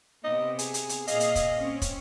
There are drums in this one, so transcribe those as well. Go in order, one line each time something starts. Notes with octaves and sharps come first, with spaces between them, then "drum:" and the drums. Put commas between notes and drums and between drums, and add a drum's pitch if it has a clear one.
C3 B3 D#5
G#4, drum: hi-hat
drum: hi-hat
drum: hi-hat
A#2 G#4 D#5 F5, drum: hi-hat
drum: hi-hat
drum: kick, hi-hat
C4 C#4
drum: kick, hi-hat